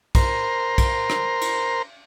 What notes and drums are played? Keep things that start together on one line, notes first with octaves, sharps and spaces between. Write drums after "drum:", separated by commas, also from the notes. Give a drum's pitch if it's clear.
A#4 C5, drum: kick, cymbal
drum: kick, cymbal
drum: rim click
drum: cymbal